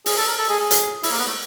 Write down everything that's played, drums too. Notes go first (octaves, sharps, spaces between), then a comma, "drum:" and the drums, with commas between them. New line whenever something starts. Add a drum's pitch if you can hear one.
G#4, drum: open hi-hat
A4
A#4
A4
G#4
G#4
drum: hi-hat
E4, drum: open hi-hat
A#3
B3
A3